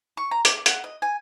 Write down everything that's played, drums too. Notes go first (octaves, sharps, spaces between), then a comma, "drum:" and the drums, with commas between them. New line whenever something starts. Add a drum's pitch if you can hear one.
C#6
A#5
D6, drum: hi-hat
F#5, drum: hi-hat
D#5
G#5